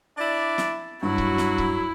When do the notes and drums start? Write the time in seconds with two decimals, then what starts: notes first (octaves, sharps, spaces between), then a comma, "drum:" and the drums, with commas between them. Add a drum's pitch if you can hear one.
0.18 D4 E4 D5
0.58 drum: snare
1.03 G2 F#3 E4 F#4
1.18 drum: kick C#1
1.38 drum: snare
1.58 drum: kick C#1